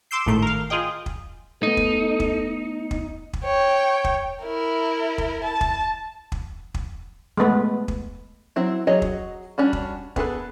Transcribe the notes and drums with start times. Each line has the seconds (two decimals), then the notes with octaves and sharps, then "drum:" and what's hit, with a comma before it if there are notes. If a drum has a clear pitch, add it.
0.11 C6 D6 E6 G6 C7
0.26 G#1 A2 D#3 A3 G6
0.42 A#4 F5
0.70 F4 G#4 D#5 G5
1.06 drum: kick
1.63 A3 B3 D#4 A4
1.77 drum: kick
2.20 drum: kick
2.91 drum: kick
3.33 drum: kick
3.44 C#5 G5
4.04 drum: kick
4.43 E4 A#4
5.18 drum: kick
5.44 A5
5.61 drum: kick
6.32 drum: kick
6.74 drum: kick
7.37 G#3 A3 B3 B4
7.88 drum: kick
8.56 F#3 C4 E4
8.87 F#3 F#4 G#4 C#5 D#5
9.02 drum: kick
9.58 G3 C#4 D4 F#4
9.73 drum: kick
10.16 B3 G#4 A4 B4, drum: kick